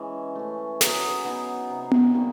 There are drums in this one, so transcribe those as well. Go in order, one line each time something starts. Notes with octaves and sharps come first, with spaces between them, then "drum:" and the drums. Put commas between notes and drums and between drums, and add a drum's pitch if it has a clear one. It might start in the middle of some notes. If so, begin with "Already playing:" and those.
Already playing: E3 G#3 C#4
A3 C#4
F#3 G#4, drum: snare
B3 D#4
C3
drum: tom B3
D#3 G3 A#3